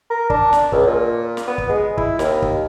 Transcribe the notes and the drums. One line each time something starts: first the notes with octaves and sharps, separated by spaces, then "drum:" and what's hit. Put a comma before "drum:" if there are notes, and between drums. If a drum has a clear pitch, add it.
A#4
D4, drum: kick
drum: snare
C#2, drum: kick
A#2
drum: snare
B3
drum: kick
G#3
E4, drum: kick
D#2, drum: snare
drum: kick